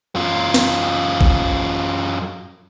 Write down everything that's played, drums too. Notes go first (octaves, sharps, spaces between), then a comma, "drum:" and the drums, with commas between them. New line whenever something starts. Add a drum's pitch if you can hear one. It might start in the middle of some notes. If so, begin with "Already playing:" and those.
F#2 F4
drum: snare
drum: kick A1